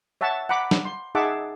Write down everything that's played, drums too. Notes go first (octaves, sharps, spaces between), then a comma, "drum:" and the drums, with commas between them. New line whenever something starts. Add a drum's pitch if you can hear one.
C#5 E5 F#5 A5
F#5 A#5 B5 D6
drum: snare
C6
D#4 G#4 E5 F#5 A5 D6